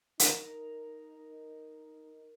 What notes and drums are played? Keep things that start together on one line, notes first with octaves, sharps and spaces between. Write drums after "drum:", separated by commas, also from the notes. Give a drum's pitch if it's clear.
D#4 A#4 A#5, drum: hi-hat